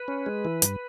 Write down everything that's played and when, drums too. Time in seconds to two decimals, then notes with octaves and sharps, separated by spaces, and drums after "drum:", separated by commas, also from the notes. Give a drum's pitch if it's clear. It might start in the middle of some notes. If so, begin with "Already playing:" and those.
Already playing: B4
0.08 C#4
0.26 G#3
0.45 E3
0.62 G2, drum: hi-hat